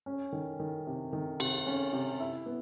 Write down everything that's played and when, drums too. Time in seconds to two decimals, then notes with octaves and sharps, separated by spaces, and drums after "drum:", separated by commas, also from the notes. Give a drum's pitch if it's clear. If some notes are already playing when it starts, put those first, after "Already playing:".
0.06 C#4
0.32 D#3
0.59 D#3
0.87 C3
1.13 D#3
1.40 C3, drum: cymbal
1.67 C#4
1.93 C3
2.20 E4
2.46 B3